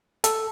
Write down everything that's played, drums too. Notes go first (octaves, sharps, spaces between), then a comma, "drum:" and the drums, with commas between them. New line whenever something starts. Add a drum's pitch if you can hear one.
A4, drum: hi-hat